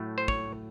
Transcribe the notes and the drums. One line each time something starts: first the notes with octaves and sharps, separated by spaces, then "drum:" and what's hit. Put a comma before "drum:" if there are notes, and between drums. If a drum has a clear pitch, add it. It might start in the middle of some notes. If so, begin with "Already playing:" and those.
Already playing: A2 F#3 A3
C5
C#5, drum: kick